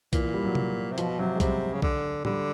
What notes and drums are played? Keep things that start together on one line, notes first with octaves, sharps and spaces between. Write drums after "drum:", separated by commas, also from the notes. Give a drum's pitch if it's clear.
A#2 E3, drum: kick B1, hi-hat
E3
G3
F#3
drum: tom C3
C3
B2 F3, drum: hi-hat
C3 F#3
G#3
C3 G3, drum: kick B1, hi-hat
C#3
D3, drum: kick B1
D3 G3, drum: tom